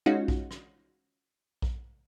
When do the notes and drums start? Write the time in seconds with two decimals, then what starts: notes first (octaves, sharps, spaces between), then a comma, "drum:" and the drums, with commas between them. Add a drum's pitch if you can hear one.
0.06 G#3 C#4 D#4 F4 F#4
0.28 drum: kick A#1
0.51 drum: rim click
1.62 drum: kick A#1